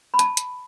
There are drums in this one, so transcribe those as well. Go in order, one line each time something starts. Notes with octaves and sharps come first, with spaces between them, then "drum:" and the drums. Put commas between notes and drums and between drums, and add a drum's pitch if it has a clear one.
B5
A5, drum: hi-hat
drum: hi-hat